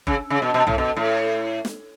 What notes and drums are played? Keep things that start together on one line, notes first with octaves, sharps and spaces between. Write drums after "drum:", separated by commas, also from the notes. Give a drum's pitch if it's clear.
C#3, drum: kick F#1
C#3
B2
B2
A2, drum: tom B1
B2
A2
drum: snare